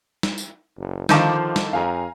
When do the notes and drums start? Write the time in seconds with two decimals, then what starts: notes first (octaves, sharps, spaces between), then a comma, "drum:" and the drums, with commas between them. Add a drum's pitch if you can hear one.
0.23 drum: snare
0.38 drum: tambourine
0.77 F#1
1.09 D3 D#3 F3 F5 A5 D6 G6, drum: snare
1.56 drum: snare
1.73 F2 F5 G#5 A#5